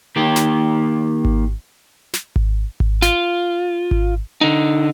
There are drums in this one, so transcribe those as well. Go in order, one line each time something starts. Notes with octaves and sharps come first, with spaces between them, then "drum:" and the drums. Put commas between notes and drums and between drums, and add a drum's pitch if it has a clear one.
D#3 A#3 G4
drum: snare
drum: kick G#1
drum: snare
drum: kick G#1
drum: kick G#1
F4, drum: snare
drum: kick G#1
D3 D#4